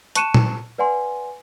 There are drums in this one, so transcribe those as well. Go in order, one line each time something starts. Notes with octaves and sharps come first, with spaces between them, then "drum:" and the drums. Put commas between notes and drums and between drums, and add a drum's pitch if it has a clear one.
A5 C#6 F#6 C#7 D#7 E7, drum: hi-hat
drum: tom A#2
B4 D5 F#5 G#5 C6